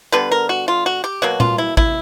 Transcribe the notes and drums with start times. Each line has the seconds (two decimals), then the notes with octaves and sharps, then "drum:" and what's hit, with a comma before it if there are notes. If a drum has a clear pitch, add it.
0.12 D3 G3 B3 B4
0.32 A#4
0.49 F#4
0.68 F4
0.86 F#4
1.04 G4
1.22 B2 F#3 A#3 F#4
1.40 F4, drum: tom A#2
1.58 E4
1.77 E4, drum: kick A1